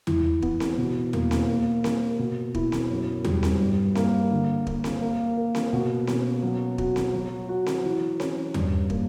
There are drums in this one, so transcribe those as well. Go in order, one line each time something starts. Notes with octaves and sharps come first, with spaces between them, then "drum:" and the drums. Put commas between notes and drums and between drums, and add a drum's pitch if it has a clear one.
E3, drum: tom E2
B3, drum: kick
drum: snare C4
B2
A#3, drum: tom E2
drum: snare C4
A#3
A#4, drum: snare C4
B2
E4, drum: kick
drum: snare C4
F#2
G3, drum: tom E2
drum: snare C4
G2
A#3, drum: snare C4
D3
A#3, drum: kick
drum: snare C4
A#3
A#4
drum: snare C4
B2
C#4, drum: snare C4
F#3
F#4, drum: kick
drum: snare C4
F#3
F#4
drum: snare C4
E3
C#4, drum: snare C4
G2, drum: tom E2
A#3, drum: kick